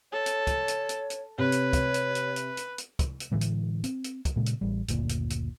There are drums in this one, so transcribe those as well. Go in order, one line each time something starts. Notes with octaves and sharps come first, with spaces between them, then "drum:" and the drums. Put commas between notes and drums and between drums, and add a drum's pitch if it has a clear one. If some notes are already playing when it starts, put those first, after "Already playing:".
A4 C#5
drum: hi-hat
drum: kick, hi-hat
drum: hi-hat
drum: hi-hat
drum: hi-hat
C3 B4 C#5
drum: hi-hat
drum: kick, hi-hat
drum: hi-hat
drum: hi-hat
drum: hi-hat
drum: hi-hat
drum: hi-hat
drum: kick, hi-hat
drum: hi-hat
A2 D3 E3 G#3
drum: hi-hat
C4, drum: hi-hat
drum: hi-hat
drum: kick, hi-hat
A#2 C#3 G#3
drum: hi-hat
A1 G3
F#1 D2 A#2, drum: hi-hat
drum: hi-hat
drum: hi-hat